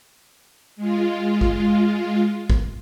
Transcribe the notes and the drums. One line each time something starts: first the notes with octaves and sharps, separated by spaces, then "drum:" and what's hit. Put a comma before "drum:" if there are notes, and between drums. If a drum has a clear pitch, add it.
G#3 F4
drum: kick
drum: kick